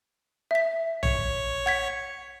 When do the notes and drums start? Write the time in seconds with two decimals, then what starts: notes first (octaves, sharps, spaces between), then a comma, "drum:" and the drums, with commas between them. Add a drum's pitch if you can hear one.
0.51 E5 B6
1.03 C#5, drum: tom A#1
1.66 F#5 G#6 B6